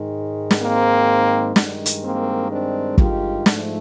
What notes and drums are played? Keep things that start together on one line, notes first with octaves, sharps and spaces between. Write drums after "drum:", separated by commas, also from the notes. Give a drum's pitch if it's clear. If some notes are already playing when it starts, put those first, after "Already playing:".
Already playing: G#2 D#3 G#3
drum: snare
A#3 C4
G2 D#3 G#3, drum: snare
drum: hi-hat
A#3 C4
C4 D4
F4 G4, drum: kick
G#2 F3 A3, drum: snare